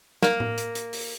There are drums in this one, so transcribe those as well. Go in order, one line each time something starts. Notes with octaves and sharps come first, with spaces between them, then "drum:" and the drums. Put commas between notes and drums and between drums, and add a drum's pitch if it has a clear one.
A#3, drum: snare
drum: tom A2
drum: hi-hat
drum: hi-hat
drum: open hi-hat